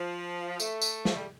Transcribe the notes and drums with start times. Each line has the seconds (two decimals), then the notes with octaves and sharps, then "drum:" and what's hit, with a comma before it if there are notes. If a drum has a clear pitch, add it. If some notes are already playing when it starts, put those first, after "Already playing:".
Already playing: F3
0.60 A3, drum: tambourine
0.82 drum: tambourine
1.05 F3, drum: snare
1.16 G3